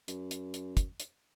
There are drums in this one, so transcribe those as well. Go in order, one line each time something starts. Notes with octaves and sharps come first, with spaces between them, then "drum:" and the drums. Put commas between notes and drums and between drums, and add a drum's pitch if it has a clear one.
F#2, drum: hi-hat
drum: hi-hat
drum: hi-hat
drum: kick, hi-hat
drum: hi-hat